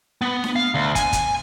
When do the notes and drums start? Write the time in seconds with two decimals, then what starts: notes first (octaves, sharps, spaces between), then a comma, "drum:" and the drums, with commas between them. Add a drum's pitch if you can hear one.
0.22 B3
0.44 drum: snare D4
0.56 F5
0.75 D2
0.95 G#5, drum: kick, hi-hat
1.13 drum: kick, hi-hat